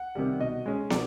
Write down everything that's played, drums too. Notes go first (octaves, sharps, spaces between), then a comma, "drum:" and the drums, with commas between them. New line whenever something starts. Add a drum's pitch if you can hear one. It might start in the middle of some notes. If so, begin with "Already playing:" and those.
Already playing: F#5
C3 D#3 G3
B2 D#5
G#3 C#4
B2 D5, drum: snare